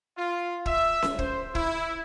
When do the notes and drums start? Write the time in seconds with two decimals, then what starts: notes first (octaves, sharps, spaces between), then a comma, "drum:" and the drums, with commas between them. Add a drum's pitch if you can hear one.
0.18 F4
0.66 E5, drum: kick
1.02 drum: snare C#4
1.19 C5, drum: kick
1.55 E4, drum: kick